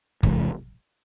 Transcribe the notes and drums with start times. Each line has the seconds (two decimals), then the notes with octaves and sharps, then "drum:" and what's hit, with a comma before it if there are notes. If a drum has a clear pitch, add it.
0.23 E2 C3 E3 G#3, drum: kick